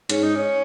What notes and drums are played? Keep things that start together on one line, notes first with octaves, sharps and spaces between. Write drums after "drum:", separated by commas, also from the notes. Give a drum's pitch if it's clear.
G#2 C#4, drum: hi-hat
D#4
C#4